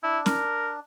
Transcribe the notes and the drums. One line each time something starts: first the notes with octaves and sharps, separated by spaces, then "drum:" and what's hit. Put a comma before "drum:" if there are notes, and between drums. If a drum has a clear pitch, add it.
D4 E4
A#4, drum: snare C#4